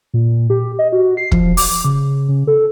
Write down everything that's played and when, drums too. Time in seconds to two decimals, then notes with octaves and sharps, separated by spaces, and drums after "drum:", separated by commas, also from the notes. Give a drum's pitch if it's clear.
0.14 A#2
0.50 G4
0.79 D#5
0.92 F#4
1.17 C7
1.31 F3, drum: kick
1.57 D6, drum: open hi-hat
1.85 C#3
2.29 C#3
2.47 A4